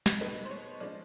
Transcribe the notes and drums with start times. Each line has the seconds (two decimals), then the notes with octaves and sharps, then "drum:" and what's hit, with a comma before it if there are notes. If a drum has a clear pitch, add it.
0.06 drum: snare
0.21 B2 G#3 B3 D#4 B4
0.45 C5
0.50 C#5
0.80 F3 G#3 C#4 D5